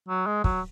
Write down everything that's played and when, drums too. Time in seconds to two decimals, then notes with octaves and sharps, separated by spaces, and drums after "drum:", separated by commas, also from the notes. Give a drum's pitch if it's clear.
0.08 F#3
0.26 G#3
0.44 F#3, drum: kick